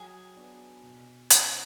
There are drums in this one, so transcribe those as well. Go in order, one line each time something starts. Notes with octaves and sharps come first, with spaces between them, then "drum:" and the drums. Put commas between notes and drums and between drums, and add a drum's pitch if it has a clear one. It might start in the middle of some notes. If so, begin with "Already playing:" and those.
Already playing: F#3 G#4
B3 D4 F#4
B2
G#3 C#4 E4, drum: hi-hat